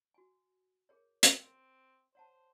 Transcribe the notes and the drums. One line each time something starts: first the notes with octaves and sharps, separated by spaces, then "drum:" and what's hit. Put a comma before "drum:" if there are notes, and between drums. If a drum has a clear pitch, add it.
F#4 G#5
G#4 A#4 C#5
drum: hi-hat
C4
C5 C#5 F#5 A5